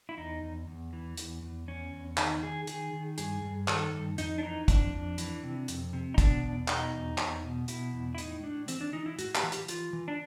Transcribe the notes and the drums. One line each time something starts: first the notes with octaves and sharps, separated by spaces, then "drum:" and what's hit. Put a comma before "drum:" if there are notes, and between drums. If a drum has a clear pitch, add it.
E4
E2 D#4
E2
E2
E3
E2, drum: hi-hat
E2
E2 C#4
E2
D#3 D#4, drum: clap
D#3 G#4
D#3 G#4, drum: hi-hat
D#3
G2 G#4, drum: hi-hat
G2
D#3 A4, drum: clap
G2
F2 D#4, drum: hi-hat
D4
E3 D#4
F2 D4, drum: kick, hi-hat
F2
E3, drum: hi-hat
C3
F2, drum: hi-hat
C3
D#4
B2 D4, drum: kick, hi-hat
E2
B2 D#4, drum: clap
E2
E2, drum: clap
B2
B2 E4, drum: hi-hat
E2
E4
A2 D#4, drum: hi-hat
A2 D4
E3 C4, drum: hi-hat
D4
E3 D#4
E4
A2 F#4, drum: hi-hat
G4, drum: clap
E3
G4, drum: hi-hat
E3 F4, drum: hi-hat
E3
D4